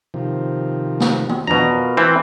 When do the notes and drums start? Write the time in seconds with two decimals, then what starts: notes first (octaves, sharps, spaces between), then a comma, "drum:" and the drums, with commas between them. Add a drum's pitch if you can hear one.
0.14 C3 D#3 F3
1.00 drum: snare
1.29 drum: tom D#3
1.47 F2 B2 F3 D4 A#5
1.73 F4 A#4
1.97 E3 C4